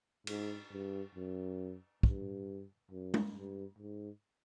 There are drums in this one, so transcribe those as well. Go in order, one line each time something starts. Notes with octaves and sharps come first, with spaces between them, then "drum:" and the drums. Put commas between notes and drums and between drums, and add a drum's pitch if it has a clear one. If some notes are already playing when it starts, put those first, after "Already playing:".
G#2, drum: cymbal
G2
F#2
G2, drum: kick
F#2
drum: tom
G2
G#2